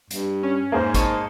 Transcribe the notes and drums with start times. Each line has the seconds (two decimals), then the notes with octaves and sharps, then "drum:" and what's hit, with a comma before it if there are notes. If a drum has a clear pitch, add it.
0.11 G2, drum: hi-hat
0.43 C#4
0.72 G#2 A#3 G#4 C5
0.94 C#5 D#5 A5, drum: kick, hi-hat